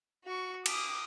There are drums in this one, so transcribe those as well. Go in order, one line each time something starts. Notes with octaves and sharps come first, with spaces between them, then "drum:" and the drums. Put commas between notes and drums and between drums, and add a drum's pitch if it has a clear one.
F#4 C#6
D6 D#6, drum: cymbal